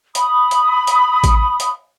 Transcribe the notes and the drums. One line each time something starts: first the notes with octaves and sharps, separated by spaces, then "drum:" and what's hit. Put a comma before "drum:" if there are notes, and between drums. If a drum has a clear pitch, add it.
B5 D#6, drum: hi-hat
drum: hi-hat
drum: hi-hat
drum: kick A1, hi-hat
drum: hi-hat